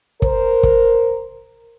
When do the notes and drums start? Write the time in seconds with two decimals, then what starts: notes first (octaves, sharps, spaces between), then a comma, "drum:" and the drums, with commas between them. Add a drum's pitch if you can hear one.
0.22 A#4 C5, drum: kick
0.63 drum: kick